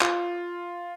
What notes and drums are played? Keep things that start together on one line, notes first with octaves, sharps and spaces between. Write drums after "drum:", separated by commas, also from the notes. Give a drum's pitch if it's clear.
F4, drum: clap